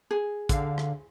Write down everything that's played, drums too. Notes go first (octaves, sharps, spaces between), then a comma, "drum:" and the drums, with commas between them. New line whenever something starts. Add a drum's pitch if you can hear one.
G#4
D3 F5, drum: kick A1, hi-hat
drum: rim click